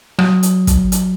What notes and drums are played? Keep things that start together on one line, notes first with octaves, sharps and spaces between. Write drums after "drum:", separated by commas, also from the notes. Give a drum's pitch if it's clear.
F#3, drum: rim click
drum: hi-hat
drum: kick, hi-hat
drum: hi-hat